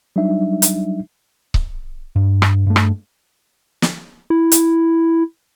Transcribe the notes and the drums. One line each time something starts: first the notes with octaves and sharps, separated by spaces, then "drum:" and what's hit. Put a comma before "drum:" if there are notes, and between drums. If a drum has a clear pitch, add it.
F#3 G3 D4 D#4 E5
drum: hi-hat
drum: kick C#1
G2
drum: rim click
G2 A3
drum: rim click
drum: snare
E4
drum: hi-hat